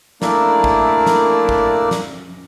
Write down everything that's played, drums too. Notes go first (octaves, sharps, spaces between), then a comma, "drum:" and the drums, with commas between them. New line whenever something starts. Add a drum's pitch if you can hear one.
A3 A#3 D4 E4 A#4 D5, drum: snare
drum: kick
drum: snare
drum: kick
drum: snare